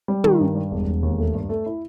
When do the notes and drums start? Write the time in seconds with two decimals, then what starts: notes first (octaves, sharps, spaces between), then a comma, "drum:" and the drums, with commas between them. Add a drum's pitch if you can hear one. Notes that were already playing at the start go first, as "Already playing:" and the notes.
0.08 G3
0.24 D#3, drum: tom
0.40 G2
0.55 G3
0.71 E1
0.87 E1
1.03 D#2
1.18 A3
1.34 G2
1.49 A3
1.66 E4